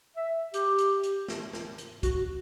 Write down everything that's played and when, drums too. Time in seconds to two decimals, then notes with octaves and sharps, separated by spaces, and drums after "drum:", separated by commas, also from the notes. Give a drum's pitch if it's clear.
0.16 E5
0.54 G4, drum: hi-hat
0.79 drum: hi-hat
1.03 drum: hi-hat
1.28 drum: snare
1.53 drum: snare
1.78 drum: hi-hat
2.03 F#4, drum: kick, hi-hat